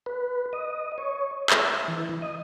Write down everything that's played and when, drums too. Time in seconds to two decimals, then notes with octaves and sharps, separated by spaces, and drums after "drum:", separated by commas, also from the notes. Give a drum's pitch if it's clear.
0.06 B4
0.53 D#5
0.98 C#5
1.50 E5, drum: clap
1.88 E3
2.22 D#5